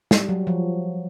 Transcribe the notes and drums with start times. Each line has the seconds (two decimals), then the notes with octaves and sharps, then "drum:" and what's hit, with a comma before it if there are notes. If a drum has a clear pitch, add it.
0.11 G3, drum: snare
0.29 F#3
0.47 F3